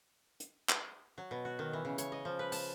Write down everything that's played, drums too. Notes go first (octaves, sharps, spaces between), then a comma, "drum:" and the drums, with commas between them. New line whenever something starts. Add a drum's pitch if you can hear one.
drum: hi-hat
drum: clap
F#3
B2
F#4
D#3
E3
C#3
C#5, drum: hi-hat
D#5
F3
B4
A5, drum: open hi-hat